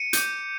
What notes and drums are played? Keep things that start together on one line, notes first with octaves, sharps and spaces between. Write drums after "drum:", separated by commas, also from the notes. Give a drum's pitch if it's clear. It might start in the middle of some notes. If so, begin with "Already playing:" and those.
Already playing: C#7 D#7
D6 G6, drum: hi-hat